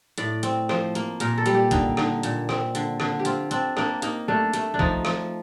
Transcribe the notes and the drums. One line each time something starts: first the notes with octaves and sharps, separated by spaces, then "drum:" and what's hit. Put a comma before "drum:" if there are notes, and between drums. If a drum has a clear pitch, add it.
A2 D5, drum: hi-hat
C4, drum: hi-hat
F3 C5, drum: rim click
A#3, drum: hi-hat
A#2 A#4, drum: hi-hat
A4
G3, drum: hi-hat
G4
D3 D#4, drum: kick, hi-hat
D3 D#4, drum: rim click
A#2, drum: hi-hat
C4, drum: rim click
D3, drum: hi-hat
D3, drum: rim click
G4
C4 F4, drum: hi-hat
C4 D4, drum: hi-hat
A#3 D4, drum: rim click
A#3 D#4, drum: hi-hat
A3 D4
A3, drum: hi-hat
D4
F3 D#4, drum: kick
F3, drum: rim click